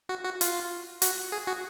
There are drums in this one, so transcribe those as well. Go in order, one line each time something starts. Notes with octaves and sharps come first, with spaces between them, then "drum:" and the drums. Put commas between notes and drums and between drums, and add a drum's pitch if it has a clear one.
F#4
F#4
F4, drum: hi-hat
F#4, drum: hi-hat
G#4
F#4